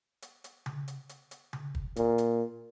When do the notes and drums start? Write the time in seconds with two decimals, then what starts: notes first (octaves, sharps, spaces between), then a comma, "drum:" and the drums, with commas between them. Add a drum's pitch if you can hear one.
0.22 drum: hi-hat
0.44 drum: hi-hat
0.66 drum: tom C#3
0.88 drum: hi-hat
1.09 drum: hi-hat
1.31 drum: hi-hat
1.53 drum: tom C#3
1.75 drum: kick
1.96 A#2, drum: hi-hat
2.18 drum: hi-hat